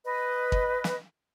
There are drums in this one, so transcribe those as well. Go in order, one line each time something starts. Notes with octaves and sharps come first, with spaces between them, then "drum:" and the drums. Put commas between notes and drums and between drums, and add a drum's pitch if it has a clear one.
B4 D#5
drum: kick
drum: snare